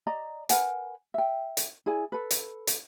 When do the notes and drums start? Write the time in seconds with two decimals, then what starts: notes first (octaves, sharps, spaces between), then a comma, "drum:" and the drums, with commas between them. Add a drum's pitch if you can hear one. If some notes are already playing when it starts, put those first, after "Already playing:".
0.07 D5 D#5 A#5
0.49 A#4 B4 F#5 G#5, drum: hi-hat
1.14 E5 G5
1.57 drum: hi-hat
1.86 E4 G#4 D5 G#5
2.12 A4 B4
2.31 drum: hi-hat
2.67 drum: hi-hat